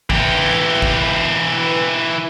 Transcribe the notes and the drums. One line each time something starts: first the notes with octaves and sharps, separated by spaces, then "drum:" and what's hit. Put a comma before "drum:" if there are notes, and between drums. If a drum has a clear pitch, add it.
E3 G4, drum: kick G#1
drum: kick G#1